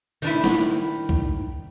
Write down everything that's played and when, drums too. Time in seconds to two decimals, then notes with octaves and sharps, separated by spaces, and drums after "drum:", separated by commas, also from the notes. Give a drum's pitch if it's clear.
0.22 D#3 D4 E4
0.44 drum: snare
1.09 drum: kick